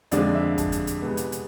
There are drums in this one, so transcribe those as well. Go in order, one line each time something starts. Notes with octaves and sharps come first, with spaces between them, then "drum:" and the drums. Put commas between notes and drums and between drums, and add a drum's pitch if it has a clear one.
F2 D3 F3 G#3 D4 D5, drum: hi-hat
E5
A5, drum: kick, hi-hat
drum: hi-hat
drum: hi-hat
E2 C3 G#3 B3
drum: hi-hat
drum: hi-hat